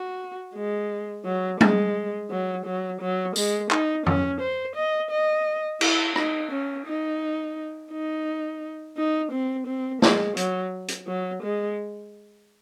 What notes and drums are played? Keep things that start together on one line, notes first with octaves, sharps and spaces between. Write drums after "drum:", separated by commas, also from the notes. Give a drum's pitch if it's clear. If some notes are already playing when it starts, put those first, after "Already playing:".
Already playing: F#4
G#3
F#3
G#3, drum: tom G3
F#3
F#3
F#3
G#3, drum: tambourine
D#4, drum: clap
C#4, drum: tom F2
C5
D#5
D#5
E4, drum: cymbal
D#4, drum: rim click
C#4
D#4
D#4
D#4
C4
C4
G#3, drum: snare
F#3, drum: hi-hat
drum: hi-hat
F#3
G#3